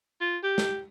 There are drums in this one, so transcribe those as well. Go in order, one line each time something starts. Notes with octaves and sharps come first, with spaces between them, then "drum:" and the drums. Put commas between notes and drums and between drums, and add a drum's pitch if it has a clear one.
F4
G4
drum: snare